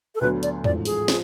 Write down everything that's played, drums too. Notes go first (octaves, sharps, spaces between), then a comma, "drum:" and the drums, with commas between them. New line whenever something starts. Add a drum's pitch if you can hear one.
A4
D2 D3 F#3 B3 B4
D5, drum: hi-hat
A1 G#2 F3 D5, drum: tom E2
G#4, drum: open hi-hat
F3, drum: snare